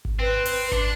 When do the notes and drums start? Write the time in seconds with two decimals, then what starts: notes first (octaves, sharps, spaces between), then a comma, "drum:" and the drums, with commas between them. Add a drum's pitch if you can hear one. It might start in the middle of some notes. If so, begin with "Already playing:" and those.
0.05 drum: kick G#1
0.19 C4 B4
0.45 drum: open hi-hat
0.72 D4, drum: kick G#1